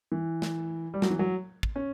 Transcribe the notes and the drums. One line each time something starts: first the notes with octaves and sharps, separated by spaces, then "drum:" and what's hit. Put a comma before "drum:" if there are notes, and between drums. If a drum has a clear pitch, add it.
E3
drum: snare
G3
F#3, drum: snare
E3
F#3
drum: kick
C#4